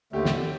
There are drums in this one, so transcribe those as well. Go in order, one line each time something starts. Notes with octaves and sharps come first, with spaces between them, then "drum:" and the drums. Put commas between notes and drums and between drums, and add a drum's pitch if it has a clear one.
D#2 D3 A3 G4
drum: snare